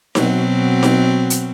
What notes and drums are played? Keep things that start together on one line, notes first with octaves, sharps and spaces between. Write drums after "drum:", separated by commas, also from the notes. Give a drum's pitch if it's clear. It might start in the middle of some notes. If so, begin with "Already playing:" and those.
B2 F#3 C4, drum: snare D#4
drum: snare D#4
drum: hi-hat